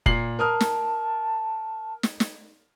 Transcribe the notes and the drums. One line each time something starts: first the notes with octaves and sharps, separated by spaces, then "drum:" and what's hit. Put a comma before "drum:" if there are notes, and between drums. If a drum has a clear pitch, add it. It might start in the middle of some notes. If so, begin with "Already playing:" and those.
A#2 C7 F#7, drum: kick F1
A#4 A5 D#6 F6
drum: snare
drum: snare
drum: snare